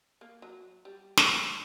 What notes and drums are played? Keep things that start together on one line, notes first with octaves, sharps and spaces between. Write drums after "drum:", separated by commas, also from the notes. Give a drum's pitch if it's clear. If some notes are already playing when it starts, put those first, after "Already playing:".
A#3
F#3
G3
drum: snare